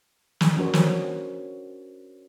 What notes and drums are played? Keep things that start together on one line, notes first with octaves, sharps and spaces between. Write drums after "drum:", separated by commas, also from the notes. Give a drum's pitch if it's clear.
drum: snare
C#4 D4 F#4 A#4 C5
drum: snare